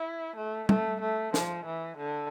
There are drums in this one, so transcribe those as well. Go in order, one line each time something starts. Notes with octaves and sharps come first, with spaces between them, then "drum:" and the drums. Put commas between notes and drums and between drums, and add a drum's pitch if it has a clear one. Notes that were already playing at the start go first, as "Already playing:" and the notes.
Already playing: E4
A3
A3, drum: tom G3
A3
F3, drum: snare
E3
D3